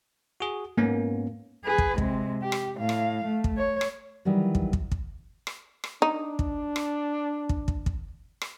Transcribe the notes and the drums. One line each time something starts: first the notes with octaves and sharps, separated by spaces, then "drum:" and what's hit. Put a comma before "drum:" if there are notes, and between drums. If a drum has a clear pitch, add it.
F#4 G#4
G#2 A#3 B3 C#4
G#4 B4
drum: kick
C3 G#3, drum: kick
G4
drum: rim click
A2 F5
drum: rim click
A3
drum: kick
C#5
drum: rim click
D#3 E3 F#3 G3
drum: kick
drum: kick
drum: kick
drum: rim click
drum: rim click
D4 D#4
drum: kick
drum: rim click
drum: kick
drum: kick
drum: kick
drum: rim click